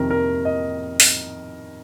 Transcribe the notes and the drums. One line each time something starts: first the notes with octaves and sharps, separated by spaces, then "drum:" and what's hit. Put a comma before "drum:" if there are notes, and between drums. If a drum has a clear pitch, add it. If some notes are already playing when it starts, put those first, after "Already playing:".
Already playing: F2 C3 D#3 A#4
A#4
D#5
drum: open hi-hat